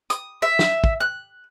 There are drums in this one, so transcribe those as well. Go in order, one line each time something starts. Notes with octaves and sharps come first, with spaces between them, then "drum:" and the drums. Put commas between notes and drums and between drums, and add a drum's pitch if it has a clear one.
D#6, drum: hi-hat
E5
drum: snare
drum: kick
F#6